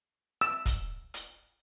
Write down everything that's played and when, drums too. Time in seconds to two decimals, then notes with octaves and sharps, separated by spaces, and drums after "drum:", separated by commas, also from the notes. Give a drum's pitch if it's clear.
0.41 E6
0.66 drum: kick, hi-hat
1.14 drum: hi-hat